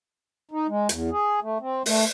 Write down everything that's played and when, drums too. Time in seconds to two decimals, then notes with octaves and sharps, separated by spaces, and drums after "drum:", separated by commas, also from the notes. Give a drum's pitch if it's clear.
0.51 D#4
0.68 G#3
0.89 E2, drum: hi-hat
1.11 G#4
1.42 A3
1.60 C4
1.86 A3, drum: open hi-hat